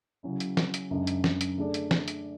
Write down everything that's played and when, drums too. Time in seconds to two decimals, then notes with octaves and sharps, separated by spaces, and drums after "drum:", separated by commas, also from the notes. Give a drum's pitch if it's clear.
0.23 C#3 F#3 C#4 E4
0.40 drum: hi-hat
0.57 drum: snare
0.74 drum: hi-hat
0.91 F#2 C#3 G#3 D4
1.07 drum: hi-hat
1.24 drum: snare
1.41 drum: hi-hat
1.58 D3 A3 D4 G#4 D5
1.74 drum: hi-hat
1.91 drum: snare
2.08 drum: hi-hat